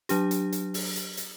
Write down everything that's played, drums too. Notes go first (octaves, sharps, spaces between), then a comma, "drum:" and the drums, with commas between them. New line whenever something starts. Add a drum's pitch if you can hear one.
F#3 D4 G4, drum: hi-hat
drum: hi-hat
drum: hi-hat
drum: open hi-hat
drum: hi-hat
drum: hi-hat